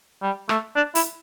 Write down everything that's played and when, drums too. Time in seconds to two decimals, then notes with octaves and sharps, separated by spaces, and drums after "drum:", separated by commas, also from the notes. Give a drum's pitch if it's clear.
0.22 G3
0.49 A3, drum: rim click
0.76 D4
0.95 E4, drum: open hi-hat